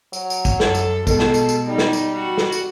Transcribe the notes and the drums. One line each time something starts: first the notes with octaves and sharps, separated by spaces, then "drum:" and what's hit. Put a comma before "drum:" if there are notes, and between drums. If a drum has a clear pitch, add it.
F#3, drum: tambourine
drum: tambourine
drum: kick, tambourine
F#2 A4, drum: snare
drum: tambourine
B2 G#3 A4, drum: kick, tambourine
drum: snare
drum: tambourine
drum: tambourine
G3 D#4
drum: snare
drum: tambourine
F#4
drum: snare
drum: tambourine